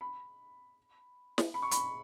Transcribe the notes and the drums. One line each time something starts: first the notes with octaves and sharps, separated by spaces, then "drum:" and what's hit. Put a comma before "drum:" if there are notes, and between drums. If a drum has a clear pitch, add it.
B5
drum: snare
B5
C#6
B5, drum: hi-hat